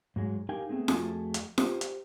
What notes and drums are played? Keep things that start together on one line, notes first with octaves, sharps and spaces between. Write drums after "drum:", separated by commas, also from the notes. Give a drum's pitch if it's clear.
G#2 F#3 G#3
D#4 G4 A#4 F5 G5 G#5
A3 B3 C4 G#4
F2 A3 F#4 G#4 G#5 A5, drum: snare F4
drum: hi-hat
G4 C5, drum: snare F4
drum: hi-hat